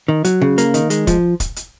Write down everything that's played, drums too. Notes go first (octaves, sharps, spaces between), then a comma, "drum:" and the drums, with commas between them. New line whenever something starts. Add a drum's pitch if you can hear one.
D#3
F#3, drum: hi-hat
C#3
A#3, drum: hi-hat
D#3, drum: hi-hat
G#3, drum: hi-hat
F3, drum: kick, hi-hat
drum: kick, hi-hat
drum: hi-hat